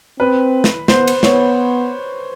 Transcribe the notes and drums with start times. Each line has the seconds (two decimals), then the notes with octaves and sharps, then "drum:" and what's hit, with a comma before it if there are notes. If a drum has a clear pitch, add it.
0.19 C4 B4
0.64 drum: snare
0.88 B3 C5, drum: snare
1.07 drum: cymbal
1.23 B3 C#5, drum: snare